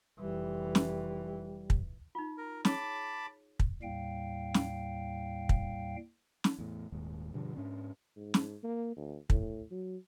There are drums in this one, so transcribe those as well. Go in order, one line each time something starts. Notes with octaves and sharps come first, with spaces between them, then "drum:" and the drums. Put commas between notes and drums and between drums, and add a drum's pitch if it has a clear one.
F1 E3 G3
drum: snare
drum: kick
D#4 F4
A#4
G#4 C#5 A5 B5 D6, drum: snare
drum: kick
D#2 A2 G3 F5 G5
drum: snare
drum: kick
drum: snare
E2 A2
D#1 D#2 G#2
G2 B2 D3 F3
G#2 C#4 D4
G#2
drum: snare
A#3
D2
A2, drum: kick
F#3